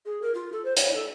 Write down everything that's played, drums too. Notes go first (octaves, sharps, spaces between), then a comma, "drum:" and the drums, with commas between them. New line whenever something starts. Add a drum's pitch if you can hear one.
G#4
A#4
F4
A4
C5
C#5, drum: hi-hat
A4